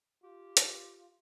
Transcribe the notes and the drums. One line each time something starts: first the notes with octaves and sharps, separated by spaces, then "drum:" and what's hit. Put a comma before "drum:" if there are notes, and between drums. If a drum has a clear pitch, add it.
F4 G4
drum: hi-hat